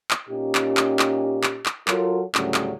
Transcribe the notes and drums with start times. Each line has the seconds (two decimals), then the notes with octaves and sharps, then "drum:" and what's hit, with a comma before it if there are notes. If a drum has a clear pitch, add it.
0.11 drum: clap
0.29 A#2 C#4 D#4 G4
0.55 drum: clap
0.77 drum: clap
0.99 drum: clap
1.44 drum: clap
1.66 drum: clap
1.88 F#3 F4 F#4 A4 A#4 C#5, drum: clap
2.35 D2 A2 C#3 F#3 G3 C#4, drum: clap
2.54 drum: clap